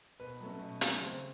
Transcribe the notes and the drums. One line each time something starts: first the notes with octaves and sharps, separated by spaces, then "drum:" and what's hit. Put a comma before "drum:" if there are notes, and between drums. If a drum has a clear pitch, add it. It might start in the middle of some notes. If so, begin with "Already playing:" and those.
B2 B4
F#3 A3 C#4
B2
F#3 A3 C#4, drum: hi-hat
C#3 C4 C5